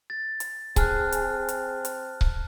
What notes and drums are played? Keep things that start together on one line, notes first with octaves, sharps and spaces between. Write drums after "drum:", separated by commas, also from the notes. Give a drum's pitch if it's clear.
A6
drum: hi-hat
C4 G#4 A5 F6 F#6, drum: kick C#1, hi-hat
drum: hi-hat
drum: hi-hat
drum: hi-hat
drum: kick C#1